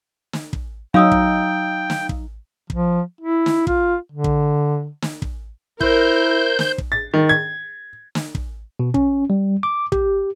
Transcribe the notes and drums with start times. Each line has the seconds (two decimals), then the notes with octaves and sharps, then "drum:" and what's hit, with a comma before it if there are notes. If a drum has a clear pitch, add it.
0.33 drum: snare
0.53 drum: kick
0.94 F#3 D#4 F5 G5 D#6 E6
1.11 drum: kick
1.90 drum: snare
2.09 drum: kick
2.70 F3, drum: kick
3.21 E4
3.46 drum: snare
3.67 F4, drum: kick
4.12 D3
4.24 drum: kick
5.02 drum: snare
5.22 drum: kick
5.81 E4 A#4 C5 G6, drum: kick
6.59 drum: snare
6.78 drum: kick
6.92 A6
7.14 D#3
7.29 G#6
8.15 drum: snare
8.35 drum: kick
8.79 B2
8.94 C#4, drum: kick
9.30 G3
9.63 D6
9.92 G4, drum: kick